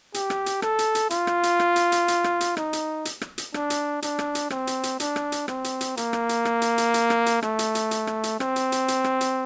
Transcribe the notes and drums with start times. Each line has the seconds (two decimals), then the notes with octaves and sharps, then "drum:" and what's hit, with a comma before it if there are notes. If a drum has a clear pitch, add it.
0.14 G4, drum: hi-hat
0.30 drum: rim click
0.46 drum: hi-hat
0.62 A4, drum: rim click
0.79 drum: hi-hat
0.95 drum: hi-hat
1.10 F4, drum: hi-hat
1.27 drum: rim click
1.43 drum: hi-hat
1.60 drum: rim click
1.76 drum: hi-hat
1.92 drum: hi-hat
2.08 drum: hi-hat
2.24 drum: rim click
2.41 drum: hi-hat
2.57 D#4, drum: rim click
2.73 drum: hi-hat
3.05 drum: hi-hat
3.21 drum: rim click
3.38 drum: hi-hat
3.54 D4, drum: rim click
3.70 drum: hi-hat
4.02 D4, drum: hi-hat
4.19 drum: rim click
4.35 drum: hi-hat
4.50 C4, drum: rim click
4.67 drum: hi-hat
4.83 drum: hi-hat
5.00 D4, drum: hi-hat
5.16 drum: rim click
5.32 drum: hi-hat
5.48 C4, drum: rim click
5.64 drum: hi-hat
5.81 drum: hi-hat
5.97 A#3, drum: hi-hat
6.13 drum: rim click
6.29 drum: hi-hat
6.45 drum: rim click
6.62 drum: hi-hat
6.78 drum: hi-hat
6.94 drum: hi-hat
7.10 drum: rim click
7.26 drum: hi-hat
7.43 A3, drum: rim click
7.59 drum: hi-hat
7.75 drum: hi-hat
7.91 drum: hi-hat
8.07 drum: rim click
8.23 drum: hi-hat
8.40 C4, drum: rim click
8.56 drum: hi-hat
8.72 drum: hi-hat
8.88 drum: hi-hat
9.04 drum: rim click
9.21 drum: hi-hat